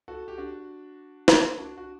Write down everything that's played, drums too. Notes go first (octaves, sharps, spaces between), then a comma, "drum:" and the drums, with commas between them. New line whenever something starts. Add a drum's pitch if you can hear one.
F#4 A4
G4
D4 F#4
A#3 D4, drum: snare
D4 F#4
F#4